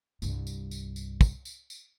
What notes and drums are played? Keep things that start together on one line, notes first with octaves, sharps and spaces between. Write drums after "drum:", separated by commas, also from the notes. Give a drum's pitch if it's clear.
C2 G2, drum: tambourine
drum: tambourine
drum: tambourine
drum: tambourine
drum: kick, tambourine
drum: tambourine
drum: tambourine